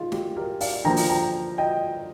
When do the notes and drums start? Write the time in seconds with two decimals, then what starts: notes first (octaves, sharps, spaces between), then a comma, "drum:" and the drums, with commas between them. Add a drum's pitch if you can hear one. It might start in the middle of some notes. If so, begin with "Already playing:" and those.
Already playing: D#3 F4 G#4
0.12 G4, drum: snare
0.36 G4 A#4
0.61 D5 F5, drum: open hi-hat
0.85 D3 F3 A#3 G5 A#5
0.97 drum: open hi-hat
1.10 G5 A#5
1.58 D#5 G5